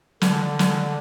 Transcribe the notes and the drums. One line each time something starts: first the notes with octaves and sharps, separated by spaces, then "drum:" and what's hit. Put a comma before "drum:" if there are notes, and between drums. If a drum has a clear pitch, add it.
D3, drum: snare
drum: snare